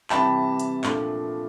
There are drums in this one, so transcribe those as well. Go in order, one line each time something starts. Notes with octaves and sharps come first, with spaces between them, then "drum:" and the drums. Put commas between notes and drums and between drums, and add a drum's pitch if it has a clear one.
C3 E3 G3 A5 B5, drum: clap
drum: hi-hat
A#2 F3 A3 D4, drum: clap